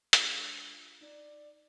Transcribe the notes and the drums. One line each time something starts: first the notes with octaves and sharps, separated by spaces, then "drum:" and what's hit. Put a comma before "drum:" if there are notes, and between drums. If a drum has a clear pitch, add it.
G#3 D4 F4 C5, drum: hi-hat
D#4 D5